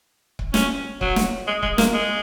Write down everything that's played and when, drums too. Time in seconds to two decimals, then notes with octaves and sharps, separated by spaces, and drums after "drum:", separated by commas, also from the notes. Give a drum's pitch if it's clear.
0.39 drum: kick C#1
0.54 C#4, drum: snare
1.01 F#3, drum: kick C#1
1.16 drum: snare
1.47 G#3
1.62 G#3, drum: kick C#1
1.78 A#3, drum: snare
1.94 G#3